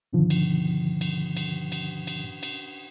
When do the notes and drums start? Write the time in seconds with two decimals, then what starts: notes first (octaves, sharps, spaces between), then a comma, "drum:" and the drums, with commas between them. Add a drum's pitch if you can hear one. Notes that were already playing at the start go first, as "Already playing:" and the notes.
0.13 G2 B2 D3 D#3 F3
0.30 drum: cymbal
1.01 drum: cymbal
1.37 drum: cymbal
1.72 drum: cymbal
2.07 drum: cymbal
2.43 drum: cymbal